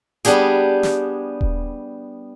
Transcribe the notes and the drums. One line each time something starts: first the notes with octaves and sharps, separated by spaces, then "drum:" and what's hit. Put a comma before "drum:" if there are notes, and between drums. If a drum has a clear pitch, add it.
G3 B3 D4 G4 G#4, drum: hi-hat
drum: snare
drum: kick D#1